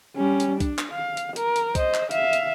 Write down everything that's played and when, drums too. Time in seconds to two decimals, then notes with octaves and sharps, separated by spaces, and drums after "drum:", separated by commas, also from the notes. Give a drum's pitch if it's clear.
0.16 G3 C#4
0.40 drum: hi-hat
0.60 D4, drum: kick B1, hi-hat
0.79 drum: clap
0.92 F5
1.17 drum: hi-hat
1.36 A#4, drum: hi-hat
1.56 drum: hi-hat
1.75 C5 D#5, drum: kick B1, hi-hat
1.94 drum: clap
2.11 E5 F5, drum: hi-hat
2.33 drum: hi-hat